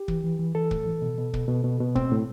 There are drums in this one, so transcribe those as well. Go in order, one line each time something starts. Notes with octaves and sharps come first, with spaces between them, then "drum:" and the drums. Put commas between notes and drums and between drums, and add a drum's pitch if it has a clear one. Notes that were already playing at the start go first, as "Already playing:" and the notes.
Already playing: G4
E3, drum: kick
E3
E3
E3 A4
A2, drum: kick
E3
B2
B2
B2, drum: kick
B2
B2
B2
A2 C4, drum: kick
A2